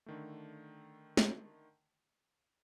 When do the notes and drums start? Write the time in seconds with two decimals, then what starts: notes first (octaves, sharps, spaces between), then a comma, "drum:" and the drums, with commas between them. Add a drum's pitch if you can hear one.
0.06 D3 D#3 A3
1.17 drum: snare